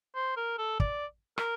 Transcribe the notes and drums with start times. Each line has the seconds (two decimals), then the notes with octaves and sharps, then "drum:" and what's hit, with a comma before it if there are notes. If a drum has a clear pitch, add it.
0.15 C5
0.37 A#4
0.58 A4
0.80 D5, drum: kick
1.38 A#4, drum: rim click